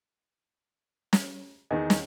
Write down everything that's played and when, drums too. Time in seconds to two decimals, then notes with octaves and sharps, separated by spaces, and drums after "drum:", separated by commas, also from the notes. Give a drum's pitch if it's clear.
1.13 drum: snare
1.71 E2 D#3 D#5
1.90 drum: snare